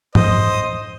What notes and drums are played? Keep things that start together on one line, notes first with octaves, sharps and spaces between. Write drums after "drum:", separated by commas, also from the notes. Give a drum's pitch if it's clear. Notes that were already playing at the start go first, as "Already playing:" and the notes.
C5 D#5, drum: tom